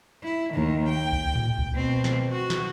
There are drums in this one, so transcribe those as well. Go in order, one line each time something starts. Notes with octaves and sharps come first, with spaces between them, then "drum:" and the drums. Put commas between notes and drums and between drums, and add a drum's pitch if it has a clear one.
E4
D#2 D#3
G5
drum: kick C#2
drum: tom A2
drum: kick C#2
B2 C4
drum: snare
F#4
drum: snare